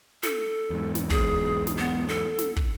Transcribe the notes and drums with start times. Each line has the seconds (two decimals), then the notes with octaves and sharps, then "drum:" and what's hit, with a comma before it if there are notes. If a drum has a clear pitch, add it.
0.23 A4, drum: snare
0.70 E2 G#2
0.95 drum: snare
1.10 G#4, drum: kick
1.67 drum: snare
1.78 B3
2.08 A4
2.39 drum: snare
2.56 drum: kick